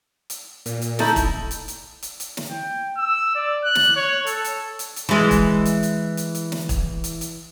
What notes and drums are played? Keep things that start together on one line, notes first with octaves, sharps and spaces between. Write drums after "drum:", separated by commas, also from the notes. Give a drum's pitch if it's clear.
drum: hi-hat
A#2, drum: hi-hat
drum: hi-hat
A3 D#4 E4, drum: snare
drum: kick, hi-hat
drum: hi-hat
drum: hi-hat
drum: hi-hat
drum: hi-hat
drum: snare
G5
E6
D5
F#6
drum: snare
C#5
A4, drum: hi-hat
drum: hi-hat
drum: hi-hat
drum: hi-hat
E3 G#3
drum: kick, hi-hat
drum: hi-hat
drum: hi-hat
drum: hi-hat
drum: hi-hat
drum: snare
drum: kick, hi-hat
drum: hi-hat
drum: hi-hat